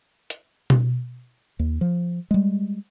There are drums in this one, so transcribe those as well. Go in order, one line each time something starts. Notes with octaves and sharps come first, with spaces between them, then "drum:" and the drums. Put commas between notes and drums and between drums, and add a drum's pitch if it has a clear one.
drum: hi-hat
drum: tom B2
D#2
F3
G3 G#3